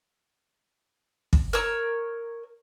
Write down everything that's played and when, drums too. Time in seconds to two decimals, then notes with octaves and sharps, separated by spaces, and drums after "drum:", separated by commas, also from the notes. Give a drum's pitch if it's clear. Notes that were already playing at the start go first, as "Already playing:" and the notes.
1.33 drum: kick
1.53 A#4 C#5 E6